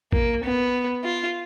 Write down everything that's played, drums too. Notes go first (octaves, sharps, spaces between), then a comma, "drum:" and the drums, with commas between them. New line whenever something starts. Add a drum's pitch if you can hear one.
A#3, drum: kick A1
B3
F4